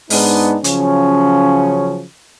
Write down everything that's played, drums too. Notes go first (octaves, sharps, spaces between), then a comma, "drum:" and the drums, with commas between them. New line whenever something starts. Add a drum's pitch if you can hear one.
G#2 G#3 B3 D4 D#4, drum: open hi-hat
C#3 F3 F#3 C#4, drum: hi-hat